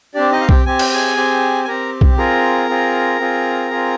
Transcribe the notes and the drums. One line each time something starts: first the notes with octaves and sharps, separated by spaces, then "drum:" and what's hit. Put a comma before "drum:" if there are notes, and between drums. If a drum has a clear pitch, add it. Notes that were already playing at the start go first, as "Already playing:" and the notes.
C4 D4 G4 D5
D#4 D#5
F5
G4 G5, drum: kick B1
C4 G4 G#5
G5, drum: cymbal
G#4 G#5
C4 G4
G#5
C4 G4 A#4 A#5
drum: kick B1
C4 F4 G#4 A#4 A#5
C4 F4 G#4
C4 F4 G#4
C4 F4 G#4